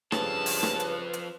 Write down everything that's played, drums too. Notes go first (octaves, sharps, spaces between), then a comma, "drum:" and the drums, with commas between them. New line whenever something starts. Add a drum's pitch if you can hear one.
G2 C#3 F3 A4 B4 A5, drum: rim click
drum: open hi-hat
drum: rim click
drum: hi-hat
drum: hi-hat